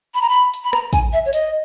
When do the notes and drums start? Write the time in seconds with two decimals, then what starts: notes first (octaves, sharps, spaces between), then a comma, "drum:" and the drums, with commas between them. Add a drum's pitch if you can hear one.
0.14 B5
0.22 A#5
0.29 B5
0.54 drum: hi-hat
0.64 B5
0.73 A#5, drum: rim click
0.93 G#5, drum: kick, hi-hat
1.13 E5
1.25 C#5
1.33 D#5, drum: hi-hat